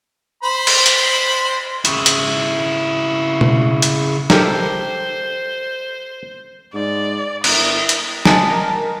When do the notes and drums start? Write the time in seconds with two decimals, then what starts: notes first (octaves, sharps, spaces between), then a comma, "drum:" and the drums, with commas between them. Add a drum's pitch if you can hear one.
0.43 C5 B5
0.67 drum: cymbal
0.86 drum: hi-hat
1.85 C#3 E4, drum: hi-hat
2.06 drum: hi-hat
3.41 drum: tom B2
3.82 drum: hi-hat
4.30 G4 A4 A#4 C5, drum: snare
6.74 G#2 D5
7.44 G1 E4 A#4 B4 D#6, drum: cymbal
7.89 drum: hi-hat
8.25 D#5 G#5 A5 D#6, drum: snare
8.50 A#4